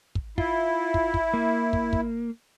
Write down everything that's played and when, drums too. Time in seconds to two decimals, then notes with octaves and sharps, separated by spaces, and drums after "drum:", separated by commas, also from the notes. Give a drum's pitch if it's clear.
0.15 drum: kick
0.38 E4 F4, drum: kick
0.94 drum: kick
1.14 drum: kick
1.34 A#3
1.73 drum: kick
1.93 drum: kick